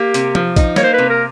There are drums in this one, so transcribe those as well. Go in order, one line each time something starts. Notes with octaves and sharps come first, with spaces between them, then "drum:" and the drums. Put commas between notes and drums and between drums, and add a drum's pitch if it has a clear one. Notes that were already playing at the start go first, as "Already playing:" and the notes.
Already playing: A#3 G4
C3, drum: hi-hat
F3, drum: tom F3
D#4, drum: kick, hi-hat
A#3 C#5, drum: snare
C5
C3 B4
A#4